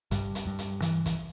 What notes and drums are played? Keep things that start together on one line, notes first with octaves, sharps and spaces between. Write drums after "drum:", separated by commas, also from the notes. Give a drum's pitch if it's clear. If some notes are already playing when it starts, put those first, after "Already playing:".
G2, drum: kick, hi-hat
drum: hi-hat
G2
drum: hi-hat
E3, drum: hi-hat
drum: kick, hi-hat